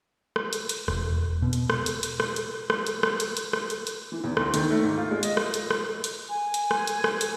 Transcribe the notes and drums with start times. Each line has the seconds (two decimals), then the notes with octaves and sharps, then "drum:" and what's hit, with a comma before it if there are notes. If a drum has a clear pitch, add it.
0.36 drum: rim click
0.53 drum: hi-hat
0.69 drum: hi-hat
0.88 E1, drum: rim click
1.42 B2
1.53 drum: hi-hat
1.70 drum: rim click
1.86 drum: hi-hat
2.03 drum: hi-hat
2.20 drum: rim click
2.36 drum: hi-hat
2.70 drum: rim click
2.87 drum: hi-hat
3.03 drum: rim click
3.20 drum: hi-hat
3.37 drum: hi-hat
3.53 drum: rim click
3.70 drum: hi-hat
3.87 drum: hi-hat
4.12 E3
4.24 E2
4.37 D2, drum: rim click
4.54 D#3, drum: hi-hat
4.70 A3
4.83 G#2
4.98 F4
5.11 G#3
5.23 D#5, drum: hi-hat
5.37 drum: rim click
5.54 drum: hi-hat
5.71 drum: rim click
6.04 drum: hi-hat
6.29 G#5
6.54 drum: hi-hat
6.71 drum: rim click
6.87 drum: hi-hat
7.04 drum: rim click
7.21 drum: hi-hat